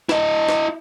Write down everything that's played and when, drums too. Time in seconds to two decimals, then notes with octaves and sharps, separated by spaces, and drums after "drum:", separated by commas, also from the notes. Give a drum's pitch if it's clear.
0.09 E4 D#5, drum: snare
0.49 drum: snare